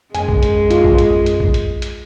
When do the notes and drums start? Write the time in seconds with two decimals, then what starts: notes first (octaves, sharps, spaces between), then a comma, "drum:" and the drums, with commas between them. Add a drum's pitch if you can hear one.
0.15 F#2 G#3 G#5, drum: hi-hat
0.29 drum: kick A#1
0.43 drum: hi-hat
0.71 F4, drum: hi-hat
0.84 drum: kick A#1
0.98 drum: hi-hat
1.26 drum: hi-hat
1.40 drum: kick A#1
1.54 drum: hi-hat
1.82 drum: hi-hat